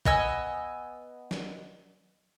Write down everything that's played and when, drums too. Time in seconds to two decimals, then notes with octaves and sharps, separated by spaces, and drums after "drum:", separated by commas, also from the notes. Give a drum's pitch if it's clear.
0.06 B3 D#5 G#5 E6, drum: kick A#1
1.31 drum: snare